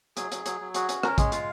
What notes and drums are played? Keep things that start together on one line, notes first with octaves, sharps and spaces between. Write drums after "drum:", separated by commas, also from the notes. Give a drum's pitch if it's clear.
F#3 G#4, drum: hi-hat
F#3, drum: hi-hat
F#3, drum: hi-hat
F#3
F#4 G#4, drum: hi-hat
C#4, drum: hi-hat
C#4 A#4, drum: rim click
G#3 G#4, drum: kick, hi-hat
F4 F5, drum: hi-hat